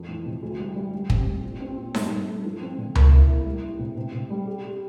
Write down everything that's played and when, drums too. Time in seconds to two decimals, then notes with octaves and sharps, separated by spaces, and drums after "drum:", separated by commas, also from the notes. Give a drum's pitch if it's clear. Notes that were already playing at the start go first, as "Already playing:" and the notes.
Already playing: F2
0.09 E3
0.26 C3
0.42 D2
0.59 G3
0.76 G3
0.93 G3
1.10 C4, drum: kick
1.26 G3
1.43 A#2
1.61 C4
1.78 A#2
1.95 G2, drum: snare D#4
2.11 G2
2.28 A3
2.45 F3
2.61 C4
2.78 D3
2.95 A#3, drum: tom C#2
3.12 E4
3.28 E4
3.46 G3
3.63 E4
3.79 C3
3.96 C3
4.13 C3
4.30 G3
4.47 G4
4.64 G4